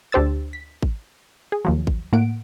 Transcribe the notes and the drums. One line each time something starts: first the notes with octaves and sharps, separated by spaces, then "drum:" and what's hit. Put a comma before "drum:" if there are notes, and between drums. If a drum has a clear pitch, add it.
D2 D4 G4 C5 E6 A6
B6
drum: kick G#1
G#4
D#2 F3 F#3
drum: kick G#1
A2 A#3 F#5 D7